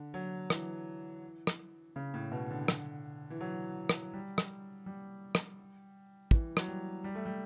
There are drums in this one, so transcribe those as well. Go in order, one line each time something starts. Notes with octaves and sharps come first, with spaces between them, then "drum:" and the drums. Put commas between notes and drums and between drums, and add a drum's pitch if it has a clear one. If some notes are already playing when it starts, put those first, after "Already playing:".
Already playing: D3
F#3
E3, drum: rim click
drum: rim click
C#3
A2
B2
D3
drum: rim click
E3
F#3
drum: rim click
G3
drum: rim click
G3
drum: rim click
E3, drum: kick
F#3, drum: rim click
G3
G3
A3
G3